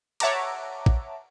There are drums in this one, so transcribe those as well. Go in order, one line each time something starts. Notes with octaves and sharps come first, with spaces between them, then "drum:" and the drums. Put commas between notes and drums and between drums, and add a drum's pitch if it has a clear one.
C#5 E5 F#5 A5 A#5 D6, drum: cymbal
drum: kick